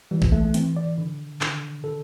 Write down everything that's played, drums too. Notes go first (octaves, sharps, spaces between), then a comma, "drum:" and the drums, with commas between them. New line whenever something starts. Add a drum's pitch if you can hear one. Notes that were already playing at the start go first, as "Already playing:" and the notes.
E3 G3
drum: kick A#1
A3
A3
E3 C4, drum: hi-hat
D5
D3
D3, drum: clap
D3 A4